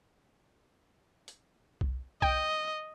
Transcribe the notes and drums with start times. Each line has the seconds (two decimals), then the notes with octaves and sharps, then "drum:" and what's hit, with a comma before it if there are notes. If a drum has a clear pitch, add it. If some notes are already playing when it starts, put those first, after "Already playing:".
1.28 drum: hi-hat
1.81 drum: kick C2
2.22 D#5 G5, drum: kick C2